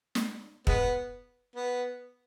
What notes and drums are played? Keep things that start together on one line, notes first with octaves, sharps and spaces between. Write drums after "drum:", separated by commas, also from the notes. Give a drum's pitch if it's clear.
drum: snare
G#3 B3, drum: kick
B3